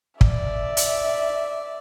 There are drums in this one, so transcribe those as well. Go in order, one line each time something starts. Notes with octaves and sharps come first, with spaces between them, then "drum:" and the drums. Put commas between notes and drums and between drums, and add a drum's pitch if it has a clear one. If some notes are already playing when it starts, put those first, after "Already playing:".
D5 E5, drum: kick
drum: hi-hat